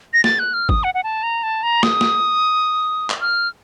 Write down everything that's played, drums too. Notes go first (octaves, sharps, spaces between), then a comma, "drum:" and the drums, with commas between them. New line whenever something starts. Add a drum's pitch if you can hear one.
A#6
A6, drum: snare
F#6
F6
D#6, drum: kick G#1
F#5
F#5
A5
A#5
A5
A#5
D#6, drum: snare
drum: snare
drum: clap
F6